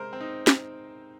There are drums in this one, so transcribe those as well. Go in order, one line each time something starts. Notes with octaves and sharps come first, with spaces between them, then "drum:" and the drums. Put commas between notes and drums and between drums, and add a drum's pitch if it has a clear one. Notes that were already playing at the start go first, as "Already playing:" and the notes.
Already playing: C3 G#3 A#4 C5
C4
D#4
drum: snare